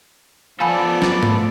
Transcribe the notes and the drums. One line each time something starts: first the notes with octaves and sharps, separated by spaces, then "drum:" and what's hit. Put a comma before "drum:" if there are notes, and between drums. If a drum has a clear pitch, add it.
F3 B3 A4 D5 F5 G#5 B5
drum: snare
drum: tom